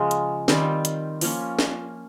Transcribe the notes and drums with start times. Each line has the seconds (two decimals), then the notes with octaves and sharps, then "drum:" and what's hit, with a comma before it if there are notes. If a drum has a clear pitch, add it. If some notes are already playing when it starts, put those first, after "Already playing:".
Already playing: C#3 F3 G#3
0.11 drum: hi-hat
0.48 D#3 G3 C4 F4, drum: snare
0.85 drum: hi-hat
1.21 F3 A#3 C#4, drum: open hi-hat
1.59 drum: snare